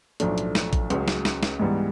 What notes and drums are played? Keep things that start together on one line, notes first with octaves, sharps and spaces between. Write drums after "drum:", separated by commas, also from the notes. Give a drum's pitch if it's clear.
B1 A2 F3 A3 D4, drum: hi-hat
drum: hi-hat
drum: snare
drum: kick A1, hi-hat
C#2 C#3 F#3, drum: hi-hat
drum: snare
drum: snare
drum: snare
G#2 E3 G3 B3